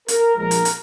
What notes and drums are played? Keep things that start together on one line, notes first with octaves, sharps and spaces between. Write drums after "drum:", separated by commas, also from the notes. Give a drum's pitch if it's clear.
A#4, drum: hi-hat
A#1 A#2 F3 G#3 A#4
drum: hi-hat
drum: hi-hat